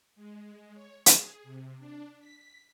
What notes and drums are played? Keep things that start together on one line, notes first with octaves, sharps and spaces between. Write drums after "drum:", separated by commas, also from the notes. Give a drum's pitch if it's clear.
G#3
C#5
G#4, drum: hi-hat
C3
D4
B6